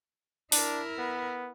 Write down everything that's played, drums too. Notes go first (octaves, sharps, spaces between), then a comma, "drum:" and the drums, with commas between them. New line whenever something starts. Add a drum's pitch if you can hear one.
D4 E4 A#4, drum: open hi-hat
B3